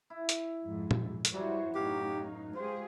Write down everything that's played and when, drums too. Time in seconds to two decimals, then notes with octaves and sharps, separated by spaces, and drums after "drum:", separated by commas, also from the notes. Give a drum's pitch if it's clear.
0.10 E4
0.29 drum: hi-hat
0.65 F2 G#2
0.91 drum: tom A#2
1.25 drum: hi-hat
1.34 E3 F#3 G3 F#4 C5 C#5
1.75 F#2 A2 D#4 G4 C#5 F5 F#5
2.55 G#3 F4 G4 G#4 C5